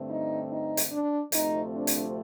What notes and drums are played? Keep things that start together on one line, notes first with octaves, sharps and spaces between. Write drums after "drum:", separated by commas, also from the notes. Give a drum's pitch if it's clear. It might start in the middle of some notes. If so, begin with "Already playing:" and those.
Already playing: G2 D3 A3 C4
D#4
D#4
drum: hi-hat
D4
D2 C3 F3 A3 C4 D#4, drum: hi-hat
D4
drum: hi-hat